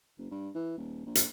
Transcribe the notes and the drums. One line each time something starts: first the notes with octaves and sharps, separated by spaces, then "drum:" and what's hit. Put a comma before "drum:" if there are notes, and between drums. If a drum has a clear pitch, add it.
F#1
G2
E3
D#1
A#1
drum: hi-hat